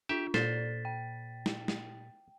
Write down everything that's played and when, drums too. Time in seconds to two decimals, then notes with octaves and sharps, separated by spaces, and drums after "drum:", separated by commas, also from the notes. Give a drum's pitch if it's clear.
0.09 D4 F4 G4 E5
0.34 A#2 A4 C5 D5 A6 B6, drum: snare
0.85 G5
1.46 drum: snare
1.68 drum: snare